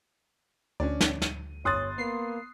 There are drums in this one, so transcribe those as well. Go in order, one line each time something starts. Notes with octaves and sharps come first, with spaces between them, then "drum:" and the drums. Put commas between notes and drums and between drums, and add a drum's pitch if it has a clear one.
D2 C#4 D4 D5
drum: snare
D#7, drum: snare
G1 C#5 C6 D#6 F#6 A6
A#3 B3 C7